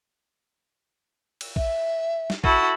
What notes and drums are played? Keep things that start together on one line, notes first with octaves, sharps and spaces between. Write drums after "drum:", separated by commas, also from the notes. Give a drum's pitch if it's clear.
drum: cymbal
E5, drum: kick
drum: snare
E4 F#4 A4, drum: kick